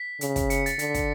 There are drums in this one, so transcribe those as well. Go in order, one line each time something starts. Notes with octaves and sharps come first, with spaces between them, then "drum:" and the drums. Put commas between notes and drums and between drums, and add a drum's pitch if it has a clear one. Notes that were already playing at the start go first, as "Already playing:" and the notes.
Already playing: B6
C#3, drum: hi-hat
drum: kick, hi-hat
C#7, drum: hi-hat
A6, drum: hi-hat
D3 B6, drum: hi-hat
C#7, drum: kick, hi-hat